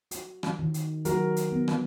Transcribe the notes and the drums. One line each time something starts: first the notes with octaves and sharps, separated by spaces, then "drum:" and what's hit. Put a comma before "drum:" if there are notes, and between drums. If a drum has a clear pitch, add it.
F#4, drum: hi-hat
drum: rim click
D#3
drum: hi-hat
F#3 F#4 A#4, drum: hi-hat
drum: hi-hat
B3
drum: rim click